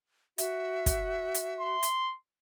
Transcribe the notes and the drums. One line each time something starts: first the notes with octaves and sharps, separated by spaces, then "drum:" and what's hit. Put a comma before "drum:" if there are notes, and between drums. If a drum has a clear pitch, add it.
F#4 E5, drum: hi-hat
drum: kick, hi-hat
drum: hi-hat
C6
drum: hi-hat